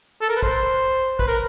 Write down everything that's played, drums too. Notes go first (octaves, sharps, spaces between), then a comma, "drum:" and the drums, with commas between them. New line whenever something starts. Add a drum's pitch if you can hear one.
A4
A#4
B4
C5, drum: kick
B4, drum: kick
A#4